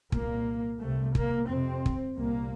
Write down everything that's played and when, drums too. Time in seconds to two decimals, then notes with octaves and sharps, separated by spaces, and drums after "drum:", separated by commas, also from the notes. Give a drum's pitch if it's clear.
0.12 C2 A#2 A#3, drum: kick
0.80 C2 C3 A3
1.15 A#3, drum: kick
1.49 F2 C3 C4
1.86 drum: kick
2.17 C2 A#2 A#3